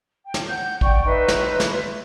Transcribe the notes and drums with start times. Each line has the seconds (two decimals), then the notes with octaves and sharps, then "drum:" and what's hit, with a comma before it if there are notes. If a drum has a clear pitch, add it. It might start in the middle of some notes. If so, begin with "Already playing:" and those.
0.23 G5
0.34 drum: snare
0.49 F#5 G6
0.81 D5 F#5 G5 C#6, drum: kick
1.05 D#4 B4 E5 C6
1.28 drum: snare
1.60 drum: snare